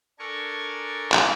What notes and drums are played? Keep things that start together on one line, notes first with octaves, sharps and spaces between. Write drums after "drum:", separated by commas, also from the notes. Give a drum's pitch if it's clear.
D4 A4 A#4 G#5 C#6
drum: clap